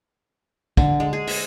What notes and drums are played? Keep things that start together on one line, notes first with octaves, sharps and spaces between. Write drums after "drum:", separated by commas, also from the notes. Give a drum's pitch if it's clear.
D3, drum: kick
G#3
G#4
E5, drum: open hi-hat